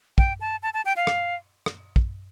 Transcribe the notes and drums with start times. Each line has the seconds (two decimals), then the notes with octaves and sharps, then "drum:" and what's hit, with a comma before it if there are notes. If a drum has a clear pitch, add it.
0.18 G5, drum: kick
0.41 A5
0.63 A5
0.74 A5
0.85 G5
0.96 F5
1.07 drum: rim click
1.66 drum: rim click
1.96 drum: kick